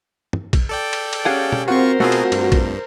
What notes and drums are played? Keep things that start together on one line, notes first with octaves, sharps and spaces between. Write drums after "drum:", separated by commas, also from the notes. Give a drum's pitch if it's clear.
drum: tom
drum: kick, cymbal
A4 D5 G5
drum: cymbal
drum: cymbal
C#4 G4 G#4 F5 F#5
drum: tom
C4 F4 F#4 A#4 C5 C#6
B2 A3 B3 C4 F4 F#4 G#4
drum: cymbal
G2, drum: cymbal
drum: kick, cymbal